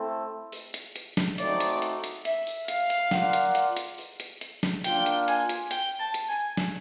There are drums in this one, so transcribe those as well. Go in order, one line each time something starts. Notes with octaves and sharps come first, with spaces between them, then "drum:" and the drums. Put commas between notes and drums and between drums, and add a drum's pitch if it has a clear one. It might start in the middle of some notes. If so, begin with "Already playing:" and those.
Already playing: A3 C4 E4 A4
drum: open hi-hat
drum: hi-hat
drum: hi-hat
drum: snare
A3 C4 D#4 F#4 D5, drum: hi-hat
drum: hi-hat
drum: hi-hat
drum: hi-hat
E5, drum: hi-hat
drum: open hi-hat
F5, drum: hi-hat
drum: hi-hat
F4 A#4 D5 F#5, drum: snare
drum: hi-hat
drum: hi-hat
drum: hi-hat
drum: open hi-hat
drum: hi-hat
drum: hi-hat
drum: snare
A#3 D4 F4 G5, drum: hi-hat
drum: hi-hat
G#5, drum: hi-hat
drum: hi-hat
G5, drum: hi-hat
A5
drum: hi-hat
G#5
drum: snare